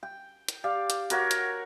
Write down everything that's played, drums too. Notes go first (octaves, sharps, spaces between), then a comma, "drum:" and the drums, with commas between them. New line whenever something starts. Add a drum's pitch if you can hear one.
G5
drum: hi-hat
G4 D5 F5
drum: hi-hat
F#4 A#4 C#5 F#5, drum: hi-hat
drum: hi-hat